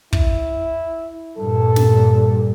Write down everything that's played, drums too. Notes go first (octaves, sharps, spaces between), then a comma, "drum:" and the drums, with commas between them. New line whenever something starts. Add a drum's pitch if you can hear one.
E4, drum: kick
G2 A#2 A4
drum: snare